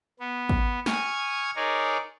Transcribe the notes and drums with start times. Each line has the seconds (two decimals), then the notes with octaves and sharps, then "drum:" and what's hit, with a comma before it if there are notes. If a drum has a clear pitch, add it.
0.20 B3
0.49 drum: kick
0.86 G#5 C#6 D#6 F6 G#6, drum: snare
1.56 D#4 G#4 A#4 C#5 D5